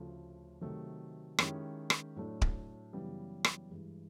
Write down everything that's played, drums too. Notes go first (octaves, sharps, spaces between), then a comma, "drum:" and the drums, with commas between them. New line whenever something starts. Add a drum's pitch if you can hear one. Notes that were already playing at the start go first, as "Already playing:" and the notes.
Already playing: D2 C#3 F3 A3
C3 D#3 F#3 A3
D#3 G#3 C#4 E4 G4, drum: rim click
drum: rim click
A2 F#3 A3 D4
drum: kick D1
F#2 C#3 E3 G3 B3
drum: rim click
G2 E3 G#3